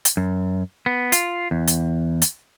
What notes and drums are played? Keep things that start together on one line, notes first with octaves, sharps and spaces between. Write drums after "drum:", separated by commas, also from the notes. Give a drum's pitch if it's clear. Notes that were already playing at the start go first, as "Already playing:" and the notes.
drum: hi-hat
F#2
B3
F4, drum: hi-hat
E2
drum: hi-hat
drum: hi-hat